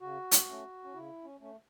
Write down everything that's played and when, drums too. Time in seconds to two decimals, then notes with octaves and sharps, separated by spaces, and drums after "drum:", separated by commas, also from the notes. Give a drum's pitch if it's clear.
0.01 C#3 F#4
0.31 drum: hi-hat
0.48 A3 C#4
0.84 C#4
0.93 C#3 E4
1.24 C#4
1.40 A3 C#4